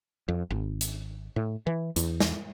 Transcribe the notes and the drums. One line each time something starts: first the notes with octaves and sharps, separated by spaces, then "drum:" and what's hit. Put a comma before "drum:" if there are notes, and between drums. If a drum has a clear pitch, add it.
F2
G#1
drum: hi-hat
A2
E3
E2, drum: hi-hat
drum: snare